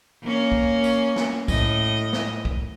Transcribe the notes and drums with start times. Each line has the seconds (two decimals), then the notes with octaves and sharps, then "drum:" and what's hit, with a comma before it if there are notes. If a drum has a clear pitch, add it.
0.23 A#3 C#4
0.52 drum: kick
0.84 drum: tambourine
1.16 drum: snare
1.48 A2 D#5, drum: kick, tambourine
2.13 drum: snare
2.45 drum: kick